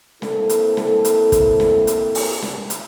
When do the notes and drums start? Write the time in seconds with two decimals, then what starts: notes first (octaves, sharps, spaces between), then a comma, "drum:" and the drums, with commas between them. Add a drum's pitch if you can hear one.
0.22 A#3 C4 E4 A4, drum: snare
0.49 drum: hi-hat
0.77 drum: snare
1.05 drum: hi-hat
1.32 drum: kick, hi-hat
1.60 drum: snare
1.87 drum: hi-hat
2.15 drum: open hi-hat
2.42 drum: snare
2.70 drum: hi-hat